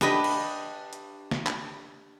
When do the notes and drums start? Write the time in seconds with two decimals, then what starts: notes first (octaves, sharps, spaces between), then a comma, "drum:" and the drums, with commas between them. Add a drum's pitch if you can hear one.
0.01 D4 G4 B4 D#5, drum: snare
0.24 drum: cymbal
0.93 drum: hi-hat
1.31 drum: snare
1.47 drum: clap